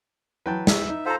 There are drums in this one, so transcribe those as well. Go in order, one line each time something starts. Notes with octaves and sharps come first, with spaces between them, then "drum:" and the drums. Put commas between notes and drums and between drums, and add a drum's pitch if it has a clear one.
E3 F#3 B4 G5 A5
E5, drum: snare
D#4
F4 A4 C5 A#5